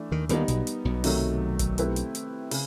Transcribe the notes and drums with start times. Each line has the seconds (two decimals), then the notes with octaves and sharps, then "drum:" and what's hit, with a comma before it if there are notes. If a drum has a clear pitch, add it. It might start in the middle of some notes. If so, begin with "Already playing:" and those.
Already playing: E3 A3 D4
0.11 D#2 D#3
0.29 D#2 D#3 G3 B3 D#4, drum: hi-hat
0.48 B1 B2, drum: hi-hat
0.67 drum: hi-hat
0.85 B1 B2
1.04 C3 D#3 F#3 A3, drum: open hi-hat
1.59 drum: kick, hi-hat
1.78 A3 C4 E4 G4 B4, drum: hi-hat
1.96 drum: hi-hat
2.15 drum: hi-hat
2.51 C#3, drum: open hi-hat